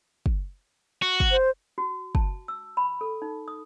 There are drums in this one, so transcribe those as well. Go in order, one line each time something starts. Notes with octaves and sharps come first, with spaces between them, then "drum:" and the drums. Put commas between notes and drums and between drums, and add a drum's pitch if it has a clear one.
drum: kick
F#4
drum: kick
C5
F#4
A5, drum: kick
E6
B5
A4
D#4
D#6